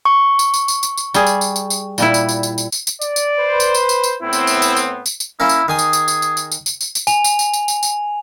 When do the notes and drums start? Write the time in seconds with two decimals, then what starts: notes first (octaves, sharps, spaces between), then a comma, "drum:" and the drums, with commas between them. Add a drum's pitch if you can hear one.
0.05 C#6
0.39 drum: tambourine
0.54 drum: tambourine
0.68 drum: tambourine
0.83 drum: tambourine
0.97 drum: tambourine
1.14 G3 G#4, drum: tambourine
1.27 drum: tambourine
1.41 drum: tambourine
1.56 drum: tambourine
1.70 drum: tambourine
1.98 A#2 G3 E4, drum: tambourine
2.14 drum: tambourine
2.29 drum: tambourine
2.43 drum: tambourine
2.58 drum: tambourine
2.72 drum: tambourine
2.87 drum: tambourine
3.02 D5, drum: tambourine
3.16 drum: tambourine
3.39 B4 C5
3.60 drum: tambourine
3.74 drum: tambourine
3.89 drum: tambourine
4.04 drum: tambourine
4.23 A2 B3 C4 E4
4.33 drum: tambourine
4.47 drum: tambourine
4.62 drum: tambourine
4.76 drum: tambourine
5.06 drum: tambourine
5.20 drum: tambourine
5.40 A#3 C#4 E4
5.49 drum: tambourine
5.68 D#3 G#4 G#5 D#6
5.79 drum: tambourine
5.93 drum: tambourine
6.08 drum: tambourine
6.22 drum: tambourine
6.37 drum: tambourine
6.51 drum: tambourine
6.66 drum: tambourine
6.81 drum: tambourine
6.95 drum: tambourine
7.07 G#5 F7, drum: tambourine
7.24 drum: tambourine
7.39 drum: tambourine
7.54 drum: tambourine
7.68 drum: tambourine
7.83 drum: tambourine